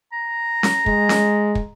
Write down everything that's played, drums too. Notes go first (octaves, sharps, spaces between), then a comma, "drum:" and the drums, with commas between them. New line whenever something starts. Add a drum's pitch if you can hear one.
A#5
drum: snare C#4
G#3, drum: kick
drum: snare C#4
drum: kick